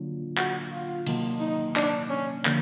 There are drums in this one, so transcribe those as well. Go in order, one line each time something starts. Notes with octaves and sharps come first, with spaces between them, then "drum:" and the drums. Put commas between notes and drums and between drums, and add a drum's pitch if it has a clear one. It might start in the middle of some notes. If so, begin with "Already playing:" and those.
Already playing: D3 F#3 A#3 D4 F4
F#4, drum: clap
F4
C3 D#3 F#3 A#3, drum: cymbal
D#4
D4, drum: clap
C#4
D3 F3 A#3 D4, drum: clap